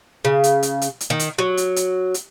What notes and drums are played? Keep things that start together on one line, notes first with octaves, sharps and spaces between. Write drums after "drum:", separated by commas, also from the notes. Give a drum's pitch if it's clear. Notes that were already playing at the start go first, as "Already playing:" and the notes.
C#3
drum: hi-hat
drum: hi-hat
drum: hi-hat
drum: hi-hat
D#3
drum: hi-hat
F#3
drum: hi-hat
drum: hi-hat
drum: hi-hat